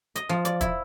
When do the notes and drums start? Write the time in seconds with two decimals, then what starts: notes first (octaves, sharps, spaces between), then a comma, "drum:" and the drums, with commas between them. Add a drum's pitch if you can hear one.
0.16 D#5, drum: hi-hat
0.29 F3
0.45 D5, drum: hi-hat
0.61 E4, drum: kick, hi-hat